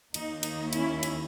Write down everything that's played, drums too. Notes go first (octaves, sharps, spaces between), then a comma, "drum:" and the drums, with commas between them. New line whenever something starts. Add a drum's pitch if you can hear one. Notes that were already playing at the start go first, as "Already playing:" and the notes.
D#2 D#3 A#3 D#4, drum: cymbal
D#4, drum: cymbal
C#4 E4, drum: cymbal
drum: cymbal